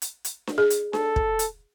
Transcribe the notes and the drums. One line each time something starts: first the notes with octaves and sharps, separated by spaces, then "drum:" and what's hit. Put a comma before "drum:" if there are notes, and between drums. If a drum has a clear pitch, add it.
drum: hi-hat
drum: hi-hat
drum: snare D4
G#4
drum: hi-hat
A4, drum: snare D4
drum: kick
drum: hi-hat